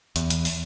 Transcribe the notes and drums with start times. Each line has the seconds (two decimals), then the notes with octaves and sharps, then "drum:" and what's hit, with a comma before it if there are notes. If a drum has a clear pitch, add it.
0.16 E2, drum: hi-hat
0.30 drum: hi-hat
0.45 drum: open hi-hat